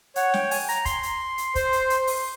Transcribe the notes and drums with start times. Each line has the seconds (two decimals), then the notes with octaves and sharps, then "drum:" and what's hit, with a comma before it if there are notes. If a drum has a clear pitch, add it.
0.16 C#5 F#5, drum: hi-hat
0.34 G5, drum: snare
0.51 G#5, drum: open hi-hat
0.69 A#5, drum: hi-hat
0.85 C6, drum: kick, hi-hat
1.03 drum: hi-hat
1.38 drum: hi-hat
1.55 C5, drum: kick, hi-hat
1.73 drum: hi-hat
1.90 drum: hi-hat
2.07 drum: open hi-hat